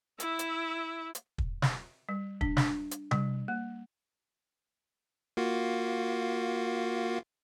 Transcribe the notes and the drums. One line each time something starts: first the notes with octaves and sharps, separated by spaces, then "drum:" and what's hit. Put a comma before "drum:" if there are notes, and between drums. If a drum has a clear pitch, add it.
E4 E5, drum: hi-hat
drum: hi-hat
drum: hi-hat
drum: kick
drum: snare
G3
D4, drum: kick
D4, drum: snare
drum: hi-hat
G3, drum: tom C3
A#3
A#3 F4 F#4